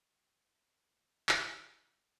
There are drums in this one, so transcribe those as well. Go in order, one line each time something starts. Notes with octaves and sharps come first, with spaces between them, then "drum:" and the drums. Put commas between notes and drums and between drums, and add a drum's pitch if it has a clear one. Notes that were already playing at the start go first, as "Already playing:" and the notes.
G5 B5 D#6 E6
drum: clap